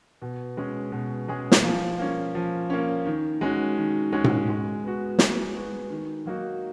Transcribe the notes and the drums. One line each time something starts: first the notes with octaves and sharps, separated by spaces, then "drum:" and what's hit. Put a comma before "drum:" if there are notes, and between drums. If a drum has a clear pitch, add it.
B2
G#3 C#4 G#4
B2
G#3 C#4 G#4
drum: snare
F3
A#3 C#4
F3
A#3 C#4
D#3
G#3 C#4 F#4
D#3
G#3 C#4 F#4
drum: tom A2
G#3
B3 F#4
G#3, drum: snare
B3 F#4
D#3
F#3 A#3 D#4 F#4